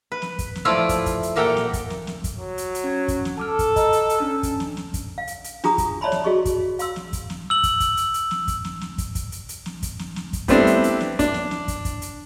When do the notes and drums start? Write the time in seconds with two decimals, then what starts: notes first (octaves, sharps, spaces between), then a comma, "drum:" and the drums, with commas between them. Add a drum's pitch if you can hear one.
0.12 B4
0.22 drum: snare
0.39 drum: kick, hi-hat
0.55 drum: snare
0.65 F3 A3 E4 F4 D5
0.89 drum: kick, hi-hat
1.06 drum: kick, hi-hat
1.23 drum: hi-hat
1.36 A#2 A#3 G4 A4 F#5 G5
1.57 drum: snare
1.73 drum: kick, hi-hat
1.90 drum: snare
2.07 drum: snare
2.24 drum: kick, hi-hat
2.37 F#3
2.58 drum: hi-hat
2.75 drum: hi-hat
2.84 C#4 G#6
3.08 drum: kick, hi-hat
3.25 drum: snare
3.38 A4 A5 D6 F6
3.59 drum: kick, hi-hat
3.76 D#5 A#5 F6, drum: kick, hi-hat
3.93 drum: hi-hat
4.09 drum: hi-hat
4.18 C#4 D4 A5
4.43 drum: kick, hi-hat
4.60 drum: snare
4.77 drum: snare
4.94 drum: kick, hi-hat
5.18 F5
5.27 drum: hi-hat
5.44 drum: hi-hat
5.64 D4 F4 G#4 A#5 D#6, drum: snare
5.78 drum: kick, hi-hat
6.01 C#5 D5 E5 A5 B5 C6
6.12 drum: snare
6.24 F#4 G#4 D#5 C#6
6.45 drum: kick, hi-hat
6.79 F5 C6 E6, drum: hi-hat
6.96 drum: snare
7.13 drum: kick, hi-hat
7.30 drum: snare
7.50 E6 F#7
7.63 drum: kick, hi-hat
7.80 drum: kick, hi-hat
7.97 drum: hi-hat
8.14 drum: hi-hat
8.31 drum: snare
8.48 drum: kick, hi-hat
8.65 drum: snare
8.81 drum: snare
8.98 drum: kick, hi-hat
9.15 drum: kick, hi-hat
9.32 drum: hi-hat
9.49 drum: hi-hat
9.66 drum: snare
9.83 drum: kick, hi-hat
9.99 drum: snare
10.16 drum: snare
10.33 drum: kick, hi-hat
10.48 G3 A3 B3 C4 D4 E4, drum: kick, hi-hat
10.67 drum: hi-hat
10.84 drum: hi-hat
11.01 drum: snare
11.19 D4, drum: kick, hi-hat
11.34 drum: snare
11.51 drum: snare
11.68 drum: kick, hi-hat
11.85 drum: kick, hi-hat
12.02 drum: hi-hat